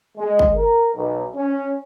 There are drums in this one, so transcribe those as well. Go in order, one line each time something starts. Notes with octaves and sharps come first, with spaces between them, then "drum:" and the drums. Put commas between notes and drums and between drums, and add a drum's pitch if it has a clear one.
G#3
drum: kick G1
A#4
B1
C#4